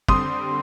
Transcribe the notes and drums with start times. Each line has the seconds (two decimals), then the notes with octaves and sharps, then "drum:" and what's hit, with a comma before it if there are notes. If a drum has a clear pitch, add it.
0.08 D3 G3 C4 C6 D#6, drum: kick